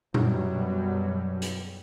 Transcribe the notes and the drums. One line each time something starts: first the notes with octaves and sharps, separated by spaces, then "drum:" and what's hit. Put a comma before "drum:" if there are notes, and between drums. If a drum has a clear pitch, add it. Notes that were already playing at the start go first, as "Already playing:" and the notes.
F#2 B2 F#3 G3, drum: tom A#2
drum: hi-hat